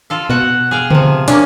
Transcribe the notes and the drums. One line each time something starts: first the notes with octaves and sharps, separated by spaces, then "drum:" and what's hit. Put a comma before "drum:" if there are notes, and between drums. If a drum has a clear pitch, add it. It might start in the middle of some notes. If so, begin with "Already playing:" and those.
F4 A4 F5
B2 F#4 F#5
G#4 F5 G5
C3 F3, drum: tom C#3
A#3 C#4 D4, drum: hi-hat